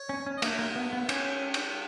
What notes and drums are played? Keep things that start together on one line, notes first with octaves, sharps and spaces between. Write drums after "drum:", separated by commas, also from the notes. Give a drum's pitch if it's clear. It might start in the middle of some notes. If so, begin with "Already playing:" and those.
Already playing: C#5
C#4
C#4
D#5
A#3 E5, drum: cymbal
A#3
B3
B3
C#4, drum: cymbal
drum: cymbal